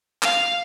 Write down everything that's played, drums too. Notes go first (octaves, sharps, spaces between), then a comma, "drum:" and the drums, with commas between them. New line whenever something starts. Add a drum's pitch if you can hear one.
F5, drum: clap